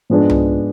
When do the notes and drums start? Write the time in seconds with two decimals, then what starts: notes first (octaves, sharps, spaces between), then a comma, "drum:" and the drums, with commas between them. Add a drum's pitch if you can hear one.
0.10 G#2 F3 G#3 B3 D4
0.30 drum: tom C2